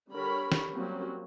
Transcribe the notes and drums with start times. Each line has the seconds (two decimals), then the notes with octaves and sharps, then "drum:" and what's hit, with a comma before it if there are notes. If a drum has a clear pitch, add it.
0.11 D3 G3 A#4 C#5 B5
0.52 drum: snare
0.71 F#3 G3 A#3 C4 C#4